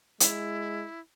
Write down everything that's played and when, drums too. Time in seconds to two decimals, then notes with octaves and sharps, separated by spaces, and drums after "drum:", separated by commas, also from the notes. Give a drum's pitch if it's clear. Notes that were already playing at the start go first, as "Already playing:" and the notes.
0.20 G#3 E4, drum: hi-hat